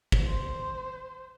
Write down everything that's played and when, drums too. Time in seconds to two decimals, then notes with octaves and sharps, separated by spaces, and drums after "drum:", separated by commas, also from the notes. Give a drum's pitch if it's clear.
0.12 drum: kick
0.24 C5